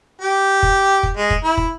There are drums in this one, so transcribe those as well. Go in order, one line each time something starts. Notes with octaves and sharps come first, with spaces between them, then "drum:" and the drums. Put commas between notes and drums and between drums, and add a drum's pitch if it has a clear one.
G4
drum: kick
drum: kick
G#3
drum: kick
E4
drum: kick